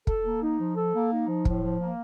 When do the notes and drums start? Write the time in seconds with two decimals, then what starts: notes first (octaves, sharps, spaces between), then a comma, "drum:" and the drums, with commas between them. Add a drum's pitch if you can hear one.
0.07 A4, drum: kick
0.24 A#3
0.41 D#4
0.59 F3
0.76 A4
0.94 A#3
1.12 D#4
1.28 F3
1.45 A2, drum: kick
1.63 F3
1.80 A#3